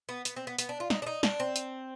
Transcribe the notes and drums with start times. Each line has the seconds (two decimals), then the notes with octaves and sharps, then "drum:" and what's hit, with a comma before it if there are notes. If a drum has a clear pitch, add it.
0.09 B3
0.25 B3, drum: hi-hat
0.36 C4
0.47 B3
0.59 B3, drum: hi-hat
0.69 D4
0.80 F4
0.90 D#4, drum: snare
1.02 D4
1.06 D#4
1.23 D4, drum: snare
1.40 C4
1.56 drum: hi-hat